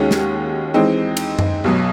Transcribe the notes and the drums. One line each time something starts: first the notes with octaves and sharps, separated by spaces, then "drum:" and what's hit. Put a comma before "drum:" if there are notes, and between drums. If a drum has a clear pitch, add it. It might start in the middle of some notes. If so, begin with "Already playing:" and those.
Already playing: D#2 D#3 G#3 C#4 F#4
drum: snare
E3 G#3 C4 D#4
drum: cymbal
drum: tom F#2
B1 B2 F#3